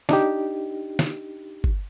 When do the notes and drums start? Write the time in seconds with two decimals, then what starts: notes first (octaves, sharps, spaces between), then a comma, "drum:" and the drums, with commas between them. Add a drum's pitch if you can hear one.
0.09 D4 D#4 G4, drum: snare
0.99 drum: snare
1.64 drum: kick G1